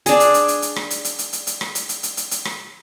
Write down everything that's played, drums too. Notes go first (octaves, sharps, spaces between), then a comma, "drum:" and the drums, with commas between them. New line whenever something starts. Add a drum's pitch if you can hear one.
D4 G#4, drum: hi-hat
drum: hi-hat
drum: hi-hat
drum: hi-hat
drum: hi-hat
drum: rim click
drum: hi-hat
drum: hi-hat
drum: hi-hat
drum: hi-hat
drum: hi-hat
drum: rim click
drum: hi-hat
drum: hi-hat
drum: hi-hat
drum: hi-hat
drum: hi-hat
drum: rim click